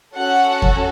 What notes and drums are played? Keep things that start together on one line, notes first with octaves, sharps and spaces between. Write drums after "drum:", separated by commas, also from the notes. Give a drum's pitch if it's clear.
C#4 F#4 A4 F#5
drum: kick E2